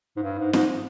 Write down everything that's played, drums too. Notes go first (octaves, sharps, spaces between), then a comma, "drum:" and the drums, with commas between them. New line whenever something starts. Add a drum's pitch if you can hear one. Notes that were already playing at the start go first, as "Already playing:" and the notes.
G#2
G2
G#2
G#2, drum: snare